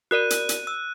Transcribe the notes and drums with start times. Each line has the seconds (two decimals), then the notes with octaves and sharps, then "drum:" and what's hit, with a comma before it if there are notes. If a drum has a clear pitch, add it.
0.11 F#4 A#4 D5 F#6 D#7
0.30 drum: hi-hat
0.49 drum: hi-hat
0.67 E6